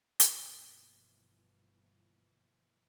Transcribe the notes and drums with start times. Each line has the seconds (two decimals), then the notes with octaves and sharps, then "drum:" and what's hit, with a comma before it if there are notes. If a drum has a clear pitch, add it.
0.20 G1 B2 E3 F3 A#3, drum: hi-hat